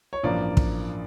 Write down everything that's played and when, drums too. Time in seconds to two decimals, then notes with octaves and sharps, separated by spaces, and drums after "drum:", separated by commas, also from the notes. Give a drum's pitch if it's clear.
0.13 C#5
0.23 A1 G2 F3 A#3 D5
0.57 drum: kick